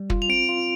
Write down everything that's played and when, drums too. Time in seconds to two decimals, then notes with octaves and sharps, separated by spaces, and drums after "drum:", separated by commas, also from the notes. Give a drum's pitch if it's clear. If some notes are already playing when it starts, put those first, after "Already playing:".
Already playing: G3
0.10 F4, drum: kick
0.22 F7
0.29 C4 D7
0.49 F4